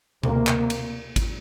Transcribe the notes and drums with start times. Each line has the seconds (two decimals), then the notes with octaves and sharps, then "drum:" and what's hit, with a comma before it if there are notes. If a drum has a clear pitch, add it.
0.23 D2 C3 A#3, drum: tom B2
0.47 drum: clap
0.70 drum: cymbal
1.16 drum: kick G#1, cymbal